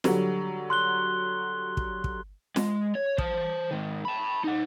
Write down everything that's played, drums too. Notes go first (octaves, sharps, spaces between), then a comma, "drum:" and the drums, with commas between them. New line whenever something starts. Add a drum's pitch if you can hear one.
D3 F#3 G3, drum: snare
C6 F#6 G7
drum: kick
drum: kick
G#3, drum: snare
C#5
C5 A5, drum: kick
G#2 D#3
A5 B5
D#4 F#5